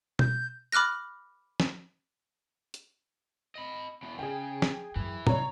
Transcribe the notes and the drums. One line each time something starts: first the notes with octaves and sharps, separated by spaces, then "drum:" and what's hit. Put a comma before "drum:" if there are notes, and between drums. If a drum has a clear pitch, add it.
G6, drum: tom B2
B5 D6 F6 F#6 A#6
drum: snare
drum: hi-hat
D#5 B5
E2 B2
C#3 G#4 G5
drum: snare
F#2 E3
C3 C#5 A#5, drum: tom A2